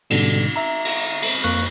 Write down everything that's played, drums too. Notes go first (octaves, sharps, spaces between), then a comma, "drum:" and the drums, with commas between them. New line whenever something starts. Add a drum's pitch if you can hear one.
G#2 B2 D3 G3, drum: cymbal
E5 A#5
drum: cymbal
drum: cymbal
F2 A#3 C#6 F#6